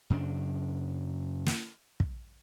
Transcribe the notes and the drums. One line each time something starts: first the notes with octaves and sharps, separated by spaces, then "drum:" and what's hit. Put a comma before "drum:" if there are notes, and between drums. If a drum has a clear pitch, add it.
F#2 C#3 B3 D4
drum: snare
drum: kick